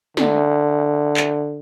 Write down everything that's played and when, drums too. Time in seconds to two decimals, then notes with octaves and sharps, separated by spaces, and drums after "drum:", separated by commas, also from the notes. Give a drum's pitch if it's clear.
0.17 D3, drum: snare
1.17 drum: clap